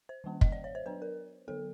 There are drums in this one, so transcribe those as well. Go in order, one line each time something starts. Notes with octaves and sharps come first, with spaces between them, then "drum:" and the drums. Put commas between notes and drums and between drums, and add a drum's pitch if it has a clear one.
C5
D#3 G3 A#3 C#4
D#5, drum: kick
D5
C#5
C5
F#3 B3 D4 B4
A#4
D3 F#3 B3 A4